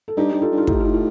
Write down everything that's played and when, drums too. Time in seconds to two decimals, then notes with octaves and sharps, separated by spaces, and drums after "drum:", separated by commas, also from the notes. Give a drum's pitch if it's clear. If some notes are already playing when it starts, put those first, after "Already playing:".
0.08 A4
0.17 G2 D#4 G4
0.33 G2
0.42 F4 A4
0.51 G2
0.58 F4
0.67 A2 D#4 G4, drum: kick
0.80 F4
0.84 D#4
0.94 F4